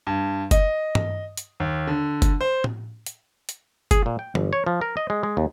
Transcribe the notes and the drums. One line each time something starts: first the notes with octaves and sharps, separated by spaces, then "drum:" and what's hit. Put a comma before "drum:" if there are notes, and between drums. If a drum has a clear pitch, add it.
G2
D#5, drum: kick F#1, hi-hat
drum: tom G2
drum: hi-hat
D#2
D3
drum: kick F#1, hi-hat
C5
drum: tom A2
drum: hi-hat
drum: hi-hat
G#4, drum: kick F#1, hi-hat
A#2
G5
G1, drum: tom E3
C#5
F3
A#4
D#5
G#3
G#3
D#2